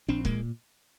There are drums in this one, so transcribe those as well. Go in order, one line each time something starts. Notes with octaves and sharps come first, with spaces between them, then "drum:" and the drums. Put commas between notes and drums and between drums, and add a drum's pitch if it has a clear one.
A#1 C4 D4
A#2 G#3 A#3, drum: kick